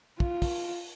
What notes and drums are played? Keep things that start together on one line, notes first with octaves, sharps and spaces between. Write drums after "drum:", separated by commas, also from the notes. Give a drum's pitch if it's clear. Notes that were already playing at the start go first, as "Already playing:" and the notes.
F4, drum: kick
drum: kick, open hi-hat